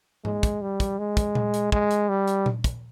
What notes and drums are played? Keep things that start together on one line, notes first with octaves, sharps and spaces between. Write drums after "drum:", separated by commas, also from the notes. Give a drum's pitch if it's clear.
G#3, drum: tom G#2
drum: kick, hi-hat
G3
drum: kick, hi-hat
G#3
drum: kick, hi-hat
drum: tom A#2
drum: hi-hat
G#3, drum: kick
drum: hi-hat
G3
drum: hi-hat
drum: tom A#2
drum: kick, hi-hat